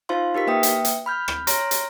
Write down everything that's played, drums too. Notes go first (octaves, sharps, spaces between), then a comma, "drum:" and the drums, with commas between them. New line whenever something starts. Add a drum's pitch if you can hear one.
D#4 F4 C5 F5 C6
D#4 G4 A#4 B6
A#3 B4 E5 G5 D#6
drum: hi-hat
drum: hi-hat
B5 F6 G6
drum: rim click
C#5 A#5 C6 F6 A#6 D7, drum: hi-hat
drum: hi-hat